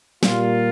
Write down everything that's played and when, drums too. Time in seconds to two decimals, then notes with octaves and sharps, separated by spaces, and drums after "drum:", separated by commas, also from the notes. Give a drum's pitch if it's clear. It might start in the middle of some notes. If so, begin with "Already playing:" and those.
0.23 A#2 G3 A#3 F4, drum: snare